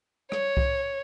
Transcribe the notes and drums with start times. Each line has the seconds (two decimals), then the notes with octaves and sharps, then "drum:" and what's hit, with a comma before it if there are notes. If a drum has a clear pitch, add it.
0.32 C#5, drum: rim click
0.57 drum: kick C2